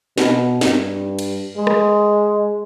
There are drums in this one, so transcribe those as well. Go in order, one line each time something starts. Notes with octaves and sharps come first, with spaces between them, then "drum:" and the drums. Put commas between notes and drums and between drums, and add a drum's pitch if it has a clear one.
B2, drum: snare
G2, drum: snare
drum: cymbal
G#3
drum: rim click